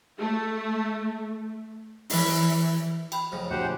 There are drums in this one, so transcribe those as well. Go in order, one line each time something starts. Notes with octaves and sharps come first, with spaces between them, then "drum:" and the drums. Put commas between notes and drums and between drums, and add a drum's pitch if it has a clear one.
A3
E3, drum: open hi-hat
G5 B5, drum: cymbal
F2 A2 C#3
D2 G4 C5 F#5
F3 G#5